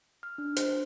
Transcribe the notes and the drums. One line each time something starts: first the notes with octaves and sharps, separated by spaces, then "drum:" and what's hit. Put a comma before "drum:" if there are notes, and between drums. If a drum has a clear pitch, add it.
F6
D4
C5, drum: hi-hat